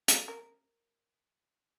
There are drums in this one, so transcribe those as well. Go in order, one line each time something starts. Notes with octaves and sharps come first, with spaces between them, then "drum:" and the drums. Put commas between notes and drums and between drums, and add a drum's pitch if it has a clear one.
A4, drum: hi-hat
A#4